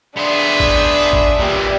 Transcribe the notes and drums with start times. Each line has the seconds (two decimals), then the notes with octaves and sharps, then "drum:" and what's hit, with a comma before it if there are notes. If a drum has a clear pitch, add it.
0.17 B3 D4 G#4 C5 E5
0.60 drum: kick A1
1.13 drum: kick A1
1.40 A#2 E3 G3